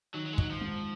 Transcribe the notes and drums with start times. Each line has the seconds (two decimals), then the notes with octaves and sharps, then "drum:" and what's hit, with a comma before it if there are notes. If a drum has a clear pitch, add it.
0.14 D#3 F#3
0.26 F#3
0.33 G#3
0.38 F#3 D#4, drum: kick
0.50 F3
0.61 G#2